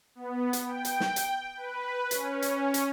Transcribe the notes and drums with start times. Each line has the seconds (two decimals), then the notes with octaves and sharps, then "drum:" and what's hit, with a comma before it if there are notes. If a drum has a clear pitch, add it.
0.15 B3
0.53 drum: hi-hat
0.66 G5
0.85 drum: hi-hat
1.00 drum: snare
1.16 drum: hi-hat
1.56 B4
2.11 C#4, drum: hi-hat
2.42 drum: hi-hat
2.74 drum: hi-hat